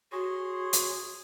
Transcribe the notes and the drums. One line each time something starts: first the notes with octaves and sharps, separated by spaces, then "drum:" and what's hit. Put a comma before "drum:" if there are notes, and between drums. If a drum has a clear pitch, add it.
F#4 G#4 C#5 C6
drum: hi-hat